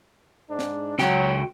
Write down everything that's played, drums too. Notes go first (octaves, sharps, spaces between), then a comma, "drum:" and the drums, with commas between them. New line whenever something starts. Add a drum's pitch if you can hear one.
G#2 D4
drum: snare
C#2 F#3 F#4 G5, drum: snare